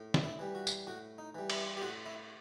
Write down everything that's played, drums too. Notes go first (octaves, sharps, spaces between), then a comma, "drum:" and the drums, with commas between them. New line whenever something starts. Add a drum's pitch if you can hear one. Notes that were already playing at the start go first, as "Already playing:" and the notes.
Already playing: A2
drum: snare
E4
E3 G3
F#4
drum: tambourine
A2 F#4
D#4
E3 G3
E4, drum: cymbal
G4
A2 F#4
E4